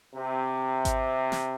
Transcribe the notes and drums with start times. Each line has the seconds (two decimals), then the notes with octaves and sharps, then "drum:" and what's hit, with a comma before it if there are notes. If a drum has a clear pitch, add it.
0.15 C3
0.85 drum: kick G#1, hi-hat
1.32 drum: snare